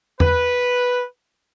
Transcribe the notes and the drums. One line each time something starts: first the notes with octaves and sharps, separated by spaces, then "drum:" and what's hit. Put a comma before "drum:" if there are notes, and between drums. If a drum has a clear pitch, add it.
B4, drum: tom E2